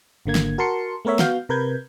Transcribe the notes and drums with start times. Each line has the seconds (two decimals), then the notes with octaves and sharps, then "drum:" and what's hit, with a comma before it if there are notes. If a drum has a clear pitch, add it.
0.26 G#1 D3 A#3 G#6
0.35 drum: snare
0.58 F#4 A#4 A5 C6 C#7
1.05 A3 B3 A#4 C#5 E5
1.19 B3 F#4 F5 G6, drum: snare
1.49 C3 A#4 B4 G6 G#6